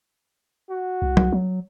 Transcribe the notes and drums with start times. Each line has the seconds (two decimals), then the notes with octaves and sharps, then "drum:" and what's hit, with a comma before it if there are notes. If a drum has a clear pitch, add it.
0.70 F#4
1.02 C2
1.17 drum: tom F#3
1.32 F#3